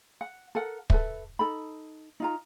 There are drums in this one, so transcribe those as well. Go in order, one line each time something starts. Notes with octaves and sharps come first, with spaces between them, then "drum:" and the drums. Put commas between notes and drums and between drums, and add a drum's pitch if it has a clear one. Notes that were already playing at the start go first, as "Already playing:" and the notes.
F#5
A4 A#4 F#5
A4 B4 E5, drum: kick
D#4 A4 B5
D#4 F4 A#5